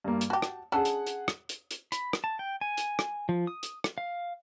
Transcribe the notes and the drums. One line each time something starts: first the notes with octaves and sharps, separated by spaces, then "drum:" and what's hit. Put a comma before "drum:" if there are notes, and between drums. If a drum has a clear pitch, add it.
G2 A#3
drum: hi-hat
F#4 G4 A5
drum: rim click
C#4 D4 G#4 A4 F#5
drum: hi-hat
drum: hi-hat
drum: rim click
drum: hi-hat
drum: hi-hat
B5, drum: hi-hat
drum: rim click
A5
G5
G#5
drum: hi-hat
drum: rim click
F3
D#6
drum: hi-hat
drum: rim click
F5